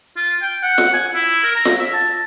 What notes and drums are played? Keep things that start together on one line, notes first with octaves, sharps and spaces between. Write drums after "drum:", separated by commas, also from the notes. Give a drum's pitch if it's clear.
F4
G5
F#5
drum: snare F4
G#5
E4
A#4
A#5
drum: snare F4
E5
A5